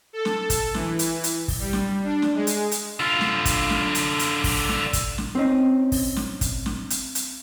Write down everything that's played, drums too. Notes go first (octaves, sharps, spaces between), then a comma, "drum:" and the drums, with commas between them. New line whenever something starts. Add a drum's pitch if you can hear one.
A4
drum: snare
drum: kick, hi-hat
E3, drum: snare
drum: hi-hat
drum: hi-hat
drum: kick, open hi-hat
G3
drum: snare
D4
drum: snare
G#3
drum: hi-hat
drum: hi-hat
D3 F4
drum: snare
drum: kick, hi-hat
drum: snare
drum: hi-hat
drum: hi-hat
drum: kick, open hi-hat
drum: snare
drum: kick, hi-hat
drum: snare
C4 C#4 D#4
drum: kick, open hi-hat
drum: snare
drum: kick, hi-hat
drum: snare
drum: hi-hat
drum: hi-hat